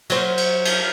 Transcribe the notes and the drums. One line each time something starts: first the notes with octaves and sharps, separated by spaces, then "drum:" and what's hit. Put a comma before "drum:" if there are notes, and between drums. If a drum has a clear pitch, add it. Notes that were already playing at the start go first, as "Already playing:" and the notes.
F#3 C5, drum: cymbal
drum: cymbal
drum: cymbal